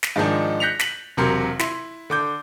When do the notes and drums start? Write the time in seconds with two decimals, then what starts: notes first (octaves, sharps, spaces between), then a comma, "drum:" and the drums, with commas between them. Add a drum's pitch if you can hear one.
0.03 drum: snare
0.16 G#2 D#3 F3 G#3 D4 D#4
0.60 F#6 G6 A#6 B6 C#7 F7
0.79 B6 F#7, drum: snare
1.17 E1 C3 F#3 A#4 C6
1.59 E4 C6, drum: snare
2.10 D3 D6 G6